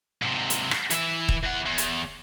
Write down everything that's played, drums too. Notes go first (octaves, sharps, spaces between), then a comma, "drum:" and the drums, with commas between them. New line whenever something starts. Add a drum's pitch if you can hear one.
G#2 C3
drum: hi-hat
drum: rim click
E3 E5, drum: hi-hat
drum: kick D#1
E3 F#5
E2
drum: hi-hat